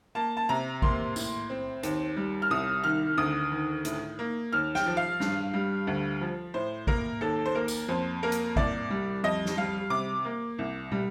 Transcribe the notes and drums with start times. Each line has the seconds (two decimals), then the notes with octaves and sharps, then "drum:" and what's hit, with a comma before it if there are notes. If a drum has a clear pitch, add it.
0.15 A#3 A5
0.37 A5
0.49 C3 A#5
0.82 A#3 C6, drum: kick G#1
1.16 A2, drum: tambourine
1.50 C4
1.83 D#2, drum: hi-hat
2.16 G3
2.42 F6
2.50 C2 D#6
2.84 D#3 F6
3.17 D2 D#6
3.52 D#3
3.85 A2, drum: hi-hat
4.19 A#3
4.52 D#2 F6
4.75 G5, drum: snare
4.86 F3
4.97 F5
5.20 G2, drum: snare
5.54 G3
5.87 D2
6.21 F3
6.54 A2 C5
6.87 A#3 A#4, drum: kick G#1
7.21 D#2 A4
7.46 C5
7.55 A#3 A#4
7.68 drum: tambourine
7.89 F2 C5
8.23 A#3 A#4
8.32 drum: hi-hat
8.56 C2 D5, drum: kick G#1
8.90 G3
9.24 F2 D#5
9.46 drum: snare
9.57 G3 F5
9.90 C3 D6
10.25 A#3
10.58 C2
10.92 G3, drum: tom